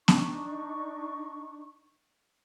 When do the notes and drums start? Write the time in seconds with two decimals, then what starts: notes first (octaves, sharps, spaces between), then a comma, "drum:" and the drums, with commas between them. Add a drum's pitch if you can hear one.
0.08 D4 D#4 C#6, drum: snare